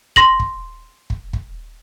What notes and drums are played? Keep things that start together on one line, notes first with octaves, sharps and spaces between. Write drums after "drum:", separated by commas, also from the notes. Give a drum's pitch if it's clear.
C6 A#6 F#7, drum: kick
drum: kick
drum: kick
drum: kick